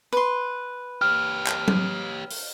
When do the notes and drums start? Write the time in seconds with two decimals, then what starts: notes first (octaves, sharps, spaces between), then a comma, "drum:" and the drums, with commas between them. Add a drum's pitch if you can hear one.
0.13 B4 C6
1.01 G4 C#5 F6
1.47 drum: clap
1.68 drum: tom
2.30 drum: open hi-hat